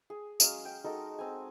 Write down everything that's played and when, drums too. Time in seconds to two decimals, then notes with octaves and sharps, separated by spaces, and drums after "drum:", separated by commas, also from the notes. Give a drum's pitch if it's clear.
0.10 G#4
0.40 F#3 G#3 C#4 F5, drum: tambourine
0.65 G5
0.84 G#3 D#4 F#4 A4
1.19 C4 G#5